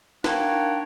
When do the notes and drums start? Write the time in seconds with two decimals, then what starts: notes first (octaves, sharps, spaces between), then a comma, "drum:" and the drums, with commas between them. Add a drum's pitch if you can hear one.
0.24 A#3 D4 D#4 C#5 F#5 G5, drum: snare